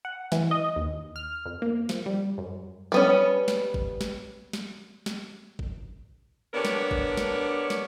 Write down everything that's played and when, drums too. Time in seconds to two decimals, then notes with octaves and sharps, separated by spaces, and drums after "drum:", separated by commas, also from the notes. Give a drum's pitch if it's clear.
0.05 F#5
0.32 E3, drum: snare
0.51 D#5
0.76 D#2
1.16 F6
1.46 F2
1.62 A#3
1.89 F3, drum: snare
2.06 G3
2.38 F#2
2.92 G3 B3 C#4
3.48 drum: snare
3.74 drum: kick
4.01 drum: snare
4.53 drum: snare
5.06 drum: snare
5.59 drum: kick
6.53 D3 B3 D4 G4 A#4 C#5
6.65 drum: snare
6.91 drum: kick
7.17 drum: snare
7.70 drum: snare